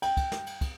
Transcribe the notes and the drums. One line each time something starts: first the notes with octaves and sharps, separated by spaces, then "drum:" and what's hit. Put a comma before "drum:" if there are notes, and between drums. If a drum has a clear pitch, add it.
G5, drum: cymbal
drum: kick, cymbal
drum: snare
drum: cymbal
drum: kick, cymbal